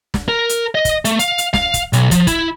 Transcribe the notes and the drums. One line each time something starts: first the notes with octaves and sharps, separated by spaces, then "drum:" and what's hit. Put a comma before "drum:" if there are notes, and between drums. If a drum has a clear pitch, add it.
drum: snare
A#4
drum: hi-hat
D#5
drum: kick, hi-hat
A3, drum: hi-hat
F5, drum: hi-hat
drum: hi-hat
F5, drum: snare
drum: kick, hi-hat
B1, drum: hi-hat
F3, drum: kick, hi-hat
E4, drum: kick, hi-hat